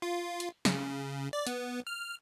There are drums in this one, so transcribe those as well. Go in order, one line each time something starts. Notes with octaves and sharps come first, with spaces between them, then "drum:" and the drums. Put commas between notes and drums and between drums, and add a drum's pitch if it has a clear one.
F4
drum: hi-hat
C#3, drum: snare
D5
B3, drum: hi-hat
F6